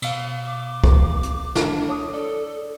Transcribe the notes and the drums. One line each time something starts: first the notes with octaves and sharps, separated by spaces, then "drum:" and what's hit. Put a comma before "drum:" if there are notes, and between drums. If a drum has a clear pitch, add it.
B2 F5, drum: cymbal
D6
drum: kick
drum: hi-hat
D4, drum: snare
C#5 D6 D#6
A4 D5